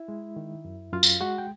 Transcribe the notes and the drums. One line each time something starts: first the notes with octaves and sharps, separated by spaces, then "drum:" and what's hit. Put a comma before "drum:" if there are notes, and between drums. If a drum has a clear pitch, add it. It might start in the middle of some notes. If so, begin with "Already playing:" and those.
Already playing: E4 E5
G#3
D#3
F#2
F#2 F4 F5
drum: tambourine
G#3 F#4 F#5
G5